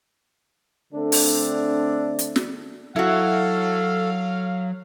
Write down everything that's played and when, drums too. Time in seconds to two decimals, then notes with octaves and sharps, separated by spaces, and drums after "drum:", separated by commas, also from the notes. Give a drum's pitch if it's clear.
0.93 D3 A3 C4 D4 A4
1.12 drum: open hi-hat
2.19 drum: hi-hat
2.36 drum: snare
2.96 F#3 E4 F#4 A4 F5